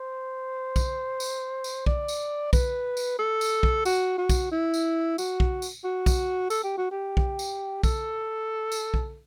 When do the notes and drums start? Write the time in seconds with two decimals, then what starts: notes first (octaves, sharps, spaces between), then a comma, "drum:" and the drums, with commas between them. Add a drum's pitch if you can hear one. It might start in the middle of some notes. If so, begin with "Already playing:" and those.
Already playing: C5
0.76 drum: kick B1, tambourine
1.20 drum: tambourine
1.64 drum: tambourine
1.86 D5, drum: kick B1
2.08 drum: tambourine
2.53 B4, drum: kick B1, tambourine
2.97 drum: tambourine
3.19 A4
3.41 drum: tambourine
3.63 drum: kick B1
3.85 F#4, drum: tambourine
4.18 F#4
4.29 drum: kick B1, tambourine
4.52 E4
4.74 drum: tambourine
5.18 F#4, drum: tambourine
5.40 drum: kick B1
5.62 drum: tambourine
5.84 F#4
6.06 drum: kick B1, tambourine
6.50 A4, drum: tambourine
6.64 G4
6.78 F#4
6.91 G4
7.17 drum: kick B1
7.39 drum: tambourine
7.84 A4, drum: kick B1, tambourine
8.72 drum: tambourine
8.94 drum: kick B1